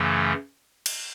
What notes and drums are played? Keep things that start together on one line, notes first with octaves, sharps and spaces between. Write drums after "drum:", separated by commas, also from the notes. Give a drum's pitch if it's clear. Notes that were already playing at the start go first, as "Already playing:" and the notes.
Already playing: F#2 C#3 E3 A3
drum: cymbal